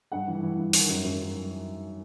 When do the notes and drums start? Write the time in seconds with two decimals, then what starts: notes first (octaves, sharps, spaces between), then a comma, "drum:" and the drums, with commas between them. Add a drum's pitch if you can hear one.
0.12 G2 F#5
0.28 E3
0.43 E3
0.58 G2
0.73 D#3, drum: open hi-hat
0.89 F#2
1.04 F#2